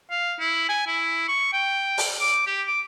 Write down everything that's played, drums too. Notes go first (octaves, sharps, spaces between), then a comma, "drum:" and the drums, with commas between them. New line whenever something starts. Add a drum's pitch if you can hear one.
F5
E4
G#5
E4
C#6
G5
drum: open hi-hat
D6
G4
D6